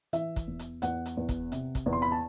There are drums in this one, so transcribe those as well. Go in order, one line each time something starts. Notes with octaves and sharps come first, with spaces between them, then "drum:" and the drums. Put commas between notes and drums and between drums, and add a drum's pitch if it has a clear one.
E3 E5, drum: hi-hat
drum: kick, hi-hat
E2
drum: hi-hat
E2 F#5, drum: hi-hat
drum: hi-hat
E2
drum: kick, hi-hat
C3, drum: hi-hat
drum: kick, hi-hat
E2
C6
B5
A5